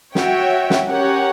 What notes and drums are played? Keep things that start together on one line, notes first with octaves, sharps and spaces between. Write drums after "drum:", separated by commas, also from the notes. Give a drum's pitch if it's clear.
F#4 C#5 E5 G5, drum: snare
drum: snare
C#4 G4 A#4 C#5 F#5